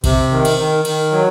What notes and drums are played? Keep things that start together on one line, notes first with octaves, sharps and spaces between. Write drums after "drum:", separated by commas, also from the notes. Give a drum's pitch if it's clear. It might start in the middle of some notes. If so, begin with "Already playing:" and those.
C3, drum: kick A#1, cymbal
D#3
drum: cymbal
D#3
D#3, drum: cymbal
F#3